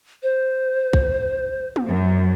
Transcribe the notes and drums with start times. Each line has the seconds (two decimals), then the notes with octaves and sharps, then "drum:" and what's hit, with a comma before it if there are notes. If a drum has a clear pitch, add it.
0.23 C5
0.93 drum: kick
1.76 drum: tom
1.86 F#2